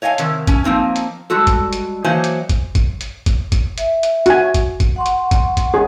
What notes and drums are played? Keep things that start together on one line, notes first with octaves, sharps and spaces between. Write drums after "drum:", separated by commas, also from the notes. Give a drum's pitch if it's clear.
C#5 D#5 F5 F#5 G#5
C3 D#3, drum: hi-hat
C#4 G#5, drum: kick, hi-hat
F3 A#3 C4 D#4
drum: hi-hat
G3 G#3 F#4 A4
drum: kick, hi-hat
drum: hi-hat
E3 F#3 A#3 C5 D#5 G#5
drum: hi-hat
drum: kick, hi-hat
drum: kick, hi-hat
drum: hi-hat
drum: kick, hi-hat
drum: kick, hi-hat
E5, drum: hi-hat
drum: hi-hat
F#4 G#5, drum: hi-hat
drum: kick, hi-hat
drum: kick, hi-hat
F#5 C6 C#6
drum: hi-hat
drum: kick, hi-hat
drum: kick, hi-hat
G#4 G#5